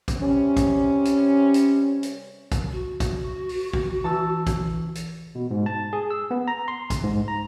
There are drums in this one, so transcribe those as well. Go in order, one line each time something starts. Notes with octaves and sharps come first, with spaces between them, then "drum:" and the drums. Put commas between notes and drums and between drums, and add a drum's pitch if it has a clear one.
drum: kick A1, hi-hat
C3 G3 C#4
drum: kick A1, hi-hat
drum: hi-hat
drum: hi-hat
drum: hi-hat
drum: kick A1, hi-hat
F#4
drum: kick A1, hi-hat
drum: open hi-hat
drum: kick A1
E3 A5 C#6 E6
drum: kick A1, hi-hat
drum: hi-hat
B2
G#2
A5
G#4
E6
B3
A#5
C6
drum: kick A1, hi-hat
G#2
A#5